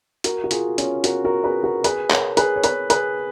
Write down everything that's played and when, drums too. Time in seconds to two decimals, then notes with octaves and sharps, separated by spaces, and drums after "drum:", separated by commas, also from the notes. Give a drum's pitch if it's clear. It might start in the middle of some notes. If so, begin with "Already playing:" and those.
0.24 F#4 A#4, drum: hi-hat
0.44 F#4
0.51 F4 G#4, drum: hi-hat
0.78 C#4 F4, drum: hi-hat
1.04 F#4 A#4, drum: hi-hat
1.24 F#4 A#4
1.44 G#4 B4
1.64 F#4 A#4
1.84 G#4 B4, drum: hi-hat
2.11 A#4 C#5, drum: clap
2.37 G#4 B4, drum: hi-hat
2.56 C#5
2.64 G#4 B4, drum: hi-hat
2.90 G#4 B4, drum: hi-hat